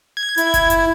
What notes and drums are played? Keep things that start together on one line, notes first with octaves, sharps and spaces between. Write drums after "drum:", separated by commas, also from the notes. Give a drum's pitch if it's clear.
G#6
E4, drum: hi-hat
drum: kick F#1, hi-hat
drum: hi-hat